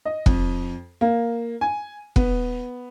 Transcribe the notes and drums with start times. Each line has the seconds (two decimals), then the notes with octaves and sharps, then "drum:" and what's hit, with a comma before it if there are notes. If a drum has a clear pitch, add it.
0.05 D#5
0.26 F2, drum: kick F1
1.01 A#3
1.61 G#5
2.16 B3, drum: kick F1